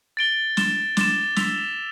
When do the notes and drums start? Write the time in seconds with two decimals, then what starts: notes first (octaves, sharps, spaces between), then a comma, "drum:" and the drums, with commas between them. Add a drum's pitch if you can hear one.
0.17 A6 D7 G7
0.57 A6 E7 G7, drum: snare
0.97 D6 A6 E7, drum: snare
1.36 E6 B6 F7, drum: snare